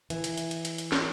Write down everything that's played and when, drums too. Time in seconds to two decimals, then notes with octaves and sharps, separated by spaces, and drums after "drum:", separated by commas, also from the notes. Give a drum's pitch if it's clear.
0.10 E3, drum: hi-hat
0.24 drum: hi-hat
0.38 drum: hi-hat
0.51 drum: hi-hat
0.65 drum: hi-hat
0.78 drum: hi-hat
0.92 drum: snare